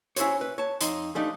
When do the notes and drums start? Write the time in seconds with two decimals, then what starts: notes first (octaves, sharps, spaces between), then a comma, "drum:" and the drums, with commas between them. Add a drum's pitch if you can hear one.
0.16 C#4 E4 F#4 C5 C#5, drum: hi-hat
0.41 B4
0.58 C#5 A5
0.81 F2 D#4 C6, drum: hi-hat
1.15 F3 G3 A3 C4 D4 D#4